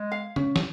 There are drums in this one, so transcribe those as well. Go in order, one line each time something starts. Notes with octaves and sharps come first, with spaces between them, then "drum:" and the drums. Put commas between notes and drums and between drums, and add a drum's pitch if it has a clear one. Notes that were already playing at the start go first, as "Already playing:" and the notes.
Already playing: G#3
F5
C#4, drum: tom C#3
drum: snare